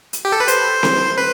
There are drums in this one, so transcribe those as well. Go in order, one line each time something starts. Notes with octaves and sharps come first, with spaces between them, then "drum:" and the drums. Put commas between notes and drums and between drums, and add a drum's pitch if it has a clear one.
drum: hi-hat
G4
A4
B4
C5, drum: hi-hat
drum: snare C4
B4